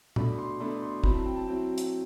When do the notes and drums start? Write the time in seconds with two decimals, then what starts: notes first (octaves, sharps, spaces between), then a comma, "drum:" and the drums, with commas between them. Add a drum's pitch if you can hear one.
0.16 B2 A3 D4 B5, drum: tom
0.38 C6
0.60 B2 A3 D4 B5
0.82 C6
1.04 F#3 C4 E4 B5, drum: kick
1.14 A5
1.26 G5
1.36 A5
1.47 F#3 C4 E4 G5
1.78 drum: hi-hat